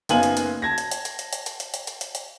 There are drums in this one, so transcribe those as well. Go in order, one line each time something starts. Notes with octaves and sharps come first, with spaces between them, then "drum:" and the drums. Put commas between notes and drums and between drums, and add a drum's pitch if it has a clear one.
F#1 A#3 B3 D#4 G#5 F#7, drum: hi-hat
drum: hi-hat
drum: hi-hat
A5 G#6 A#6
drum: hi-hat
drum: hi-hat
drum: hi-hat
drum: hi-hat
drum: hi-hat
drum: hi-hat
drum: hi-hat
drum: hi-hat
drum: hi-hat
drum: hi-hat
drum: hi-hat